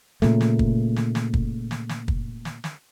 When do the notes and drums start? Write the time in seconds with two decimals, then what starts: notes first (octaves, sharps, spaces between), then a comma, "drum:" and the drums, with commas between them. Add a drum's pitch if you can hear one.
0.22 A#2 C#3 A3, drum: snare
0.41 drum: snare
0.59 drum: kick
0.96 drum: snare
1.15 drum: snare
1.34 drum: kick
1.71 drum: snare
1.89 drum: snare
2.08 drum: kick
2.45 drum: snare
2.64 drum: snare